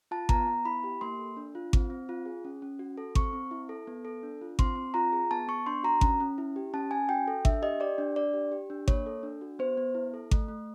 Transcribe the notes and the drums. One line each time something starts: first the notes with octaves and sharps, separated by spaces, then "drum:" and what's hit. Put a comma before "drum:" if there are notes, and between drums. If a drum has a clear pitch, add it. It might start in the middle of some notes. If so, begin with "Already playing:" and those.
F4 A5
B3 A#5, drum: kick G#1
B3
E4 B5
G4
A#3 C6
A4
D4
F4
C4, drum: kick G#1
C4
F4
G#4
C#4
C#4
F#4
A4
C4 C#6, drum: kick G#1
C4
E4
A4
B3
A4
D4
F4
C4 C6, drum: kick G#1
C4
F4 A#5
G#4
B3 A5
B3 C#6
D4 C6
F#4 A#5
C#4, drum: kick G#1
C#4
E4
G4
C#4 A5
C#4 G#5
F#4 G5
A4
D4 E5, drum: kick G#1
G4 D#5
G4 D5
D4
D4 D5
G4
G4
D4
A#3 C#5, drum: kick G#1
A4
D4
F#4
B3 C5
B3
E4
A4
A3, drum: kick G#1
A3